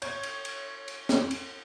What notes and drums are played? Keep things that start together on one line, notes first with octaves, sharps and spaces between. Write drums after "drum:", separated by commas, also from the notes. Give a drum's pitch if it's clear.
C#5 G6, drum: cymbal
drum: cymbal
drum: cymbal
drum: cymbal
drum: snare
drum: cymbal